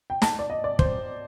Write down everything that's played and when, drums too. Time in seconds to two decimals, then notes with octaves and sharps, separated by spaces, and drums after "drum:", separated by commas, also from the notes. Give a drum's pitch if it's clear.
0.10 G5
0.22 A5, drum: snare
0.39 D5
0.50 D#5
0.64 D5
0.79 C5, drum: kick